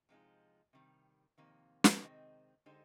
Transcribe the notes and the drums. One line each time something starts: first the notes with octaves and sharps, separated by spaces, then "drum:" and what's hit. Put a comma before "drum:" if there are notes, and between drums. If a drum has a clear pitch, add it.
C3 F3 G#3 D#4
C3 D#3 G3
F2 C3 D#3 A#3
drum: snare
C3 D#3 G#3 C4 D#4
D3 G#3 D#4 G4 C5